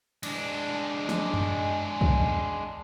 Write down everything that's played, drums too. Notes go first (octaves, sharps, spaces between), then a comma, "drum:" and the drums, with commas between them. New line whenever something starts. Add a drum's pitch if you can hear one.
G#3 D4, drum: cymbal
drum: snare
drum: tom F#2
drum: kick